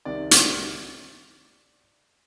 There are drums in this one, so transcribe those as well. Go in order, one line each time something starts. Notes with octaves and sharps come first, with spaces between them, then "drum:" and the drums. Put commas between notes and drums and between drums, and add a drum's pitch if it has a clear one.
C2 C3 D#3 D5
drum: hi-hat